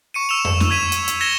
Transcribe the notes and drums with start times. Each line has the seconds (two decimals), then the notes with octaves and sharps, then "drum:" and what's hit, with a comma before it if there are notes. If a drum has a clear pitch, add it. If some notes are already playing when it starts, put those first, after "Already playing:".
0.14 C#6 C#7 D#7
0.29 E6 E7 F7
0.45 drum: tom F2
0.60 drum: snare
0.70 E6 G#6 B6 D#7 F7
0.92 drum: hi-hat
1.08 drum: hi-hat
1.21 G#6 A#6 C#7 E7 G7